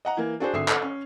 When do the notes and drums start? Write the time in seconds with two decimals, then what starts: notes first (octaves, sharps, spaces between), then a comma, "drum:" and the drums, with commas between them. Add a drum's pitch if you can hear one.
0.05 D#5 F#5 A#5
0.17 E3 A#3
0.40 D4 F#4 G#4 C5
0.53 G#1 D3 E5 D#6 C7
0.68 A4, drum: clap
0.82 C#4